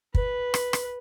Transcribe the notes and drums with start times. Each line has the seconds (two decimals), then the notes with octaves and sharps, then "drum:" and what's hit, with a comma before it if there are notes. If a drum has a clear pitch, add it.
0.15 B4, drum: kick
0.54 drum: rim click
0.73 drum: rim click